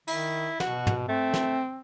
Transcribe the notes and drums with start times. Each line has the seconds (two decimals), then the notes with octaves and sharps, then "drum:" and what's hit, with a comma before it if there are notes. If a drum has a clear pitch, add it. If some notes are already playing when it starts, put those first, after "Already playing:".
0.07 D#3 E4, drum: cymbal
0.60 B2 F#4, drum: snare
0.87 drum: tom
1.08 A3 C4
1.34 drum: snare